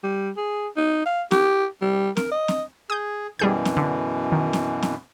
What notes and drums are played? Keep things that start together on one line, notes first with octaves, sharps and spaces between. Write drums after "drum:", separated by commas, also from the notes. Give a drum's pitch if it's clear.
G3
G#4
D#4
F5
G4, drum: snare C4
G3
A#4, drum: snare C4
D#5
drum: snare C4
G#4 D#6 G6
F#2 B2 E3 G3 G#4 G6
drum: snare C4
D3
D#3
drum: snare C4
drum: snare C4